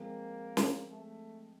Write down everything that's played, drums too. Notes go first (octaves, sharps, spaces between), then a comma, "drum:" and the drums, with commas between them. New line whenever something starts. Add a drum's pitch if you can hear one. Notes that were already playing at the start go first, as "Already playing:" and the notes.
Already playing: F3 G#3 A#3 C4
drum: snare
A3